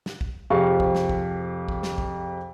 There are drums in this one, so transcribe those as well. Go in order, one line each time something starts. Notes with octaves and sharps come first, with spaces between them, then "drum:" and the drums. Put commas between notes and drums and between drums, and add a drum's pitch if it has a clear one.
drum: snare
drum: kick
F2 C3 G#4 F5 C#6
drum: kick
drum: snare
drum: kick
drum: kick
drum: snare
drum: kick